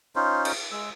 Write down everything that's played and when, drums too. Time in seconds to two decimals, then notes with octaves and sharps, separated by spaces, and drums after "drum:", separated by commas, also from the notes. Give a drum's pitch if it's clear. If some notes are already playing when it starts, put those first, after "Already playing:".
0.16 C#4 D#4 F4 C5
0.45 drum: cymbal
0.72 G#3 E6